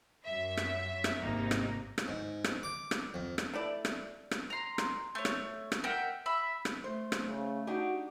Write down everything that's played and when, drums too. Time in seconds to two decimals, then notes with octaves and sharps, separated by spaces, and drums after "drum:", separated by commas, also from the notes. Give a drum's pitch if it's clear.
0.25 F#2 E5
0.57 drum: rim click
1.04 drum: rim click
1.19 G#1 C3 A#3 D#4
1.51 drum: rim click
1.98 drum: rim click
2.08 G#2
2.44 drum: rim click
2.63 D6
2.91 drum: rim click
3.14 F2
3.38 drum: rim click
3.53 A3 E4 D5
3.85 drum: rim click
4.31 drum: rim click
4.50 A#5 C6
4.78 drum: rim click
5.15 A3 C#5
5.25 drum: rim click
5.72 drum: rim click
5.84 A#4 E5 F#5 G5
6.26 E5 B5
6.65 drum: rim click
6.84 A3 C5
7.12 drum: rim click
7.28 C#3
7.67 D4 D#4 F#4 G4